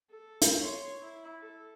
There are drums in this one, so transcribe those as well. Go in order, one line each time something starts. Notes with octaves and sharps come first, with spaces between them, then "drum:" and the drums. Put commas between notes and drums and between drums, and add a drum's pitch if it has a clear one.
A4
drum: hi-hat
C#5 C6
E4
A4